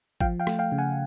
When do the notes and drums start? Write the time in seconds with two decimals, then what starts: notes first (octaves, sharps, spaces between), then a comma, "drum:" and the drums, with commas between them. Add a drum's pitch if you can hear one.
0.21 F3 F5 G5, drum: kick
0.40 F5 G5
0.47 A3, drum: rim click
0.59 F5 G5
0.72 C#3
0.78 F#5 G#5